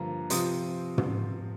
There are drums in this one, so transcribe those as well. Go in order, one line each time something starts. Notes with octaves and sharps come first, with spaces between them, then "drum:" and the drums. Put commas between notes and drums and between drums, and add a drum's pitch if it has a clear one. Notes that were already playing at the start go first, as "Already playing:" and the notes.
Already playing: G2 D3 F3 A#3 A#5
C3 F3 C4 C6 D#6, drum: hi-hat
drum: tom